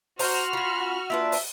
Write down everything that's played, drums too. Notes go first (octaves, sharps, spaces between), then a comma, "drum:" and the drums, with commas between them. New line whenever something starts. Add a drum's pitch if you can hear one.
F#4 C5 A#5 C6 F6, drum: open hi-hat
C#4 F4 B5
A#3 D4 F4 B4 E5
drum: open hi-hat